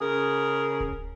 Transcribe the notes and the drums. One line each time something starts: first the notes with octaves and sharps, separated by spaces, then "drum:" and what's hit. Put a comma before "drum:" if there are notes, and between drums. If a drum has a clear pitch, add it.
C#3 G#4 A#4
drum: kick D1